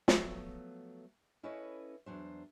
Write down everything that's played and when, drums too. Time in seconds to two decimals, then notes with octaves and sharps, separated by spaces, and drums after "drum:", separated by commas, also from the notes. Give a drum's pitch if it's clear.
0.08 F3 F#3 A3 B3, drum: snare
1.43 C#4 E4 A4 B4 C#5 D#5
2.06 E2 F#3 D4 C5